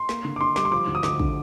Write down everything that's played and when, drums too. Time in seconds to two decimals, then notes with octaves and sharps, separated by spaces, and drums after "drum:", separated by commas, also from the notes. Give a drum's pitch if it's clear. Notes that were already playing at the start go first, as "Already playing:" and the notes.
Already playing: C6
0.09 A#3, drum: snare
0.25 D3
0.36 D6
0.41 D4 C6
0.56 G3 D6, drum: snare
0.65 C6
0.72 F3 D6
0.87 D2
0.95 D#6
1.03 D2 D6, drum: snare
1.19 D3, drum: kick